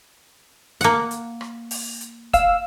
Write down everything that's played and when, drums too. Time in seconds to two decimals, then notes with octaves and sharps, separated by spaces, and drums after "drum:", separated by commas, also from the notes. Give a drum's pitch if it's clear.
0.81 A#3 F#5, drum: hi-hat
1.11 drum: hi-hat
1.41 drum: rim click
1.71 drum: open hi-hat
2.01 drum: hi-hat
2.33 F5 E6, drum: kick, hi-hat